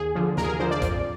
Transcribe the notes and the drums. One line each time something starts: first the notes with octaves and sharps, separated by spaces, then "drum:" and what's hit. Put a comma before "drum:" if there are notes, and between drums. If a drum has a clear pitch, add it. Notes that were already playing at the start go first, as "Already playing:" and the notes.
Already playing: D#2 G#4
D3 F3
D#2 A#4, drum: snare
G#4
A#4
D3 F3 C5
D5
F2, drum: kick, hi-hat